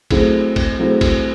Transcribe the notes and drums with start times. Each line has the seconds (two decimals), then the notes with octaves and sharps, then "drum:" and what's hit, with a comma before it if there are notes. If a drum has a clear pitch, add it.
0.11 F#3 A3 C4 E4 G#4, drum: kick G#1, cymbal
0.56 drum: kick G#1, cymbal
0.79 F#3 A3 C4 E4 G#4
1.01 drum: kick G#1, cymbal